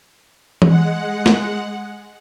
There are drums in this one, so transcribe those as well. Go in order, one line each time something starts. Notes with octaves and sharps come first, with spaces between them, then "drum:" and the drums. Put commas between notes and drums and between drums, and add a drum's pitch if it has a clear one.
G#3 F#5, drum: tom E3
drum: snare